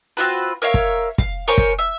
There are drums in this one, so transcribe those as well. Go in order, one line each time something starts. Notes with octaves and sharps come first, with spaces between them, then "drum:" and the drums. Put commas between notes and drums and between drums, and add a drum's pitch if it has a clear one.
C4 F4 F#4 B4
A#4 C#5 E5 F5
drum: kick
F5, drum: kick
A#4 C5 C#5 G#5
drum: kick
E5